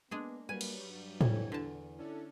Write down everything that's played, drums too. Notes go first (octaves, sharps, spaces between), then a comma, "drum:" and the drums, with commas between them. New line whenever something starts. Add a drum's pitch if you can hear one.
G#3 A#3 B3 D4 G#4
F#3 G3 A#3 B4 G#5
drum: cymbal
G2
F2 E3 C#5, drum: tom A2
E2 D3 A5
C#4 D4 E4 A4